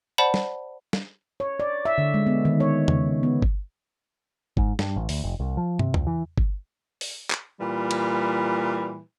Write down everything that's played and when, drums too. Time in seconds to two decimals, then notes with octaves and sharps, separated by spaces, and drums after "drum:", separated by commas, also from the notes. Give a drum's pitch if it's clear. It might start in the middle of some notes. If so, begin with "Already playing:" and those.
0.18 C5 D5 F#5 A5 B5
0.34 drum: snare
0.93 drum: snare
1.40 C#5
1.60 D5
1.85 E5
1.98 D3
2.14 G#3
2.27 B3
2.45 D#3
2.60 C#5
2.88 C#3, drum: tom E2
3.23 B3
3.42 drum: kick G1
4.57 G#2, drum: kick G1
4.79 G2, drum: snare
4.96 A1
5.09 D2, drum: open hi-hat
5.23 F1
5.40 C2
5.57 F3
5.79 C3, drum: tom
5.94 C#2, drum: tom E2
6.07 E3
6.38 drum: kick G1
7.01 drum: open hi-hat
7.31 drum: clap
7.60 A#2 E3 G3
7.91 drum: cymbal